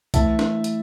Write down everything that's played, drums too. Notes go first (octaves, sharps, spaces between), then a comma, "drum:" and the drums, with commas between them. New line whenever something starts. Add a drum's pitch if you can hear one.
A2 E3 E5 A5, drum: kick, hi-hat
drum: snare
drum: hi-hat